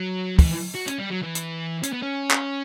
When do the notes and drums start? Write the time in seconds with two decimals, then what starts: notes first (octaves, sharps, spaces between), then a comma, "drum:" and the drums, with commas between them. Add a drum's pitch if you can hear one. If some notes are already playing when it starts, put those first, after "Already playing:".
Already playing: F#3
0.39 E3, drum: kick, open hi-hat
0.75 F#4
0.88 C#4, drum: hi-hat
0.99 G3
1.11 F#3
1.22 E3
1.35 drum: hi-hat
1.83 C#4, drum: hi-hat
1.93 B3
2.03 C#4
2.31 drum: clap